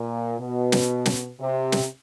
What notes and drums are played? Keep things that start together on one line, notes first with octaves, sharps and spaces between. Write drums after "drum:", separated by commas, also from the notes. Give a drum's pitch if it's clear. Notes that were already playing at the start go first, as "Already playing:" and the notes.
Already playing: A#2
B2
drum: snare
drum: snare
C3
drum: snare